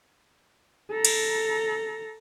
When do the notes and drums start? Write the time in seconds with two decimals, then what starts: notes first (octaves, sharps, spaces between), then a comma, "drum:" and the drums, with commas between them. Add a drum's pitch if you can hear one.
0.91 A4 A#5
1.05 drum: cymbal